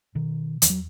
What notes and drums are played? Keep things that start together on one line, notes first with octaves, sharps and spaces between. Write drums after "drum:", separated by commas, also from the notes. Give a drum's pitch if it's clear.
B2 D#3
E2 E3, drum: hi-hat
F#3